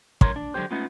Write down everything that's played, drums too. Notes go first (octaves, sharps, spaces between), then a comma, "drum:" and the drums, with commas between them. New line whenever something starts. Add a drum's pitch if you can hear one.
G2 A#4 C#5 A#5 C6, drum: kick
D4
D3 F#3 G#3 C4 G4 C5
G#3 A3 B3 C#4 D#4 F4